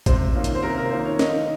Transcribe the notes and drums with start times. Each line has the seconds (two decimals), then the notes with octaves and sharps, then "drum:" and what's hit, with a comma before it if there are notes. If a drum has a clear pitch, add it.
0.06 C3 C5, drum: kick, hi-hat
0.35 D#3 A#3 C#4 F4
0.44 drum: hi-hat
0.55 C5
0.63 C3 A#4
0.77 A#4
0.91 D#3 A#3 C#4 F4 C5
1.05 C#5
1.19 D#3 D#5, drum: snare